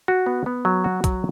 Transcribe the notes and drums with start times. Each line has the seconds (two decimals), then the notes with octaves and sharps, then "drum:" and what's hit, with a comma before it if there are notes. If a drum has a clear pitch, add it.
0.08 F#4
0.26 B3
0.46 B3
0.65 F#3
0.84 F#4
1.04 F#3, drum: kick, hi-hat